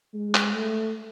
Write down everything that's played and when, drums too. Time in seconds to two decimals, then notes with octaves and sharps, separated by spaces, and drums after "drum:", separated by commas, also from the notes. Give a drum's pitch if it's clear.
0.14 G#3
0.35 drum: clap
0.55 A3